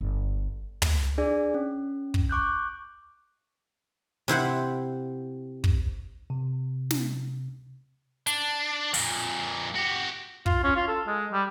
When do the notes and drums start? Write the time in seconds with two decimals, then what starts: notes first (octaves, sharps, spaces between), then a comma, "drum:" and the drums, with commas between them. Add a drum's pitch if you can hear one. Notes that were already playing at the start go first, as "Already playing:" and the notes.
0.01 G1
0.82 drum: tom
1.18 D4 G#4 D5
1.54 C#4
2.14 drum: kick
2.29 C#6 D6 F#6 G6
4.28 C3 E4 C5 F#5
5.64 drum: kick
6.30 C3
6.91 drum: snare
8.27 D4, drum: hi-hat
8.94 F2 A#2, drum: open hi-hat
9.75 F#4 G4
10.46 F4, drum: kick
10.64 C#4
10.76 F4
10.88 A4
11.07 G#3
11.32 G3